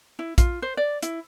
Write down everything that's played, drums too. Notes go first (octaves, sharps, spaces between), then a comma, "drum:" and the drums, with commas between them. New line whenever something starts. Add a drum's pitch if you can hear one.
E4
F4, drum: kick A#1, hi-hat
C5
D5
E4, drum: hi-hat